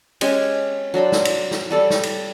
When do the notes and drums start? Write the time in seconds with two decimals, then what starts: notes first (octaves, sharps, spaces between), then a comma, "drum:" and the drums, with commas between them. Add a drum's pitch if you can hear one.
0.21 G#3 C#4 G4 G#5, drum: cymbal
0.94 F#3 D4 C5 B5
1.12 drum: snare
1.25 drum: cymbal
1.51 drum: snare
1.70 G3 A4 D5
1.90 drum: snare
2.03 drum: cymbal